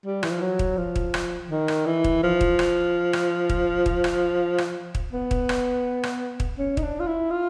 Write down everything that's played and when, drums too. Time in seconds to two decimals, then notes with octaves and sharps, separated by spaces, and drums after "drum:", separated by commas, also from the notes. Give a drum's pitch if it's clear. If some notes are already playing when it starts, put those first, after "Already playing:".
0.05 G3
0.23 E3, drum: rim click
0.31 F3
0.41 F#3
0.59 drum: kick
0.77 F3
0.96 drum: kick
1.14 drum: rim click
1.50 D#3
1.68 drum: rim click
1.86 E3
2.04 drum: kick
2.23 F3
2.41 drum: kick
2.59 drum: rim click
3.13 drum: rim click
3.50 drum: kick
3.86 drum: kick
4.04 drum: rim click
4.58 drum: rim click
4.95 drum: kick
5.13 B3
5.31 drum: kick
5.49 drum: rim click
6.03 drum: rim click
6.40 drum: kick
6.58 C#4
6.77 D#4, drum: kick
6.82 D4
7.00 F4
7.07 E4
7.30 F4